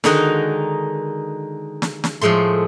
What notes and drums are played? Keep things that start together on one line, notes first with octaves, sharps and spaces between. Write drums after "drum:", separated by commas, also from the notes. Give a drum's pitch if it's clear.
D3 D#3 G#3 D#4 F#4 A#4, drum: snare
drum: snare
drum: snare
A2 F3 G#3 A3 C6